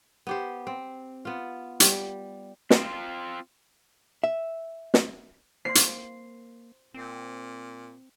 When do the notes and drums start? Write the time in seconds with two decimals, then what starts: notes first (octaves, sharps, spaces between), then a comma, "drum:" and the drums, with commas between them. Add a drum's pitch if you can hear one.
0.27 B3 G4 C5
0.67 C4
1.25 B3 F4
1.80 G3, drum: hi-hat
2.70 C4 F4, drum: snare
4.24 E5
4.94 drum: snare
5.65 A#3 C5 C6 C7
5.75 drum: hi-hat
6.94 A#2 C4